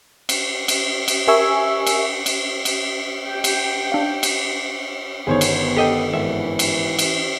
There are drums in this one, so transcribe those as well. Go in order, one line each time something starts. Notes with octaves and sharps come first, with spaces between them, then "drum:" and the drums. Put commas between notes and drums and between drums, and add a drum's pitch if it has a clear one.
drum: cymbal
drum: cymbal
drum: cymbal
G4 A#4 E5 G#5 C#6 E6
drum: cymbal
drum: cymbal
drum: cymbal
G4 G5
drum: cymbal
D4 F5
drum: cymbal
G1 D#3 B3 G#4 C5 C#5
drum: cymbal
G4 A4 D#5 G5
G#1 E3 E5
drum: cymbal
drum: cymbal